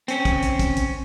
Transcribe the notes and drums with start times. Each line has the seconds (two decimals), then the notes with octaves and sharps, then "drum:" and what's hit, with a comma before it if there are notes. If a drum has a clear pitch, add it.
0.08 C4 C#4, drum: hi-hat
0.25 drum: kick, hi-hat
0.42 drum: hi-hat
0.59 drum: kick, hi-hat
0.76 drum: hi-hat